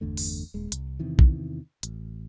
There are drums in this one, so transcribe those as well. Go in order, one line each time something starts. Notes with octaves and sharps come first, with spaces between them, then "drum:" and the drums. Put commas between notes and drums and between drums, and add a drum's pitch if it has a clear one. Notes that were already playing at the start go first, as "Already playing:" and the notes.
G1 E2 D3 A3
drum: open hi-hat
D#1 G#3
C2, drum: hi-hat
E2 C3 D#3 E3
drum: kick
A1, drum: hi-hat